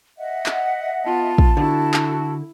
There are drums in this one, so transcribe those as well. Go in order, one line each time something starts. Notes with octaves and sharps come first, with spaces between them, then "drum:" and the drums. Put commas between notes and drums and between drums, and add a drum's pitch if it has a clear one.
D#5 E5 F#5
drum: clap
B3 F4 A5
drum: kick
D3 E4 F#4 A4
drum: clap